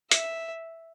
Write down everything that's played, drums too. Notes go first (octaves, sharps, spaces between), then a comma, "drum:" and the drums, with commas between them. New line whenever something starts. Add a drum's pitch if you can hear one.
E5, drum: hi-hat